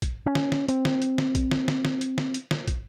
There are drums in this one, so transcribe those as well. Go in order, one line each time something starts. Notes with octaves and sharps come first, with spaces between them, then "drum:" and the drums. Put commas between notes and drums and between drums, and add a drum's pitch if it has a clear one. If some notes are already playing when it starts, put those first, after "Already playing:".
drum: kick, hi-hat
C#4
drum: snare
drum: snare
C4, drum: hi-hat
drum: snare
drum: hi-hat
drum: snare
drum: kick, hi-hat
drum: snare
drum: snare
drum: snare
drum: hi-hat
drum: snare
drum: hi-hat
drum: snare
drum: kick, hi-hat